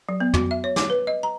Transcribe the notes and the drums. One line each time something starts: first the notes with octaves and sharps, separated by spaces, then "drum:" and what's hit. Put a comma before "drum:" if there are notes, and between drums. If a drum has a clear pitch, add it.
F#3
B3
F#4, drum: tom
E5
C#5
D6, drum: snare
B4
D#5
A#5